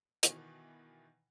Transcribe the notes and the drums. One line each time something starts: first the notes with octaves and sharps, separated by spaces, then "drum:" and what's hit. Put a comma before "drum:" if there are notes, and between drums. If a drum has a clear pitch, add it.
B2 D#3 E3, drum: hi-hat